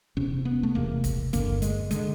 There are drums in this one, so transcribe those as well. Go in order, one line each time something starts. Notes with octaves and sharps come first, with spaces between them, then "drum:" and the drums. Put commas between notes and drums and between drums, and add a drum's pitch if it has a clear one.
E1 E2 C3 C#4
B3
A3
E1 E2 C3 A#3
drum: kick, hi-hat
G1 G2 D3 A#3, drum: kick, hi-hat
G#3, drum: hi-hat
D3 G#3, drum: hi-hat